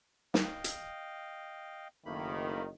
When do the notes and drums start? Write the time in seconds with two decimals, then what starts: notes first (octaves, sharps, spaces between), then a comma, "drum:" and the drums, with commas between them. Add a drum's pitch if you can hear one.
0.34 D#5 F5 G5, drum: snare
0.64 drum: hi-hat
2.06 F#1 D#3 A3 A#3 B5